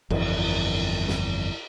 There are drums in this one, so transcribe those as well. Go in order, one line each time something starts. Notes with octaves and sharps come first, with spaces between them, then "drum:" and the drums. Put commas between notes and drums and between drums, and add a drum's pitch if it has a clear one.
G1 F2 E3, drum: cymbal
drum: snare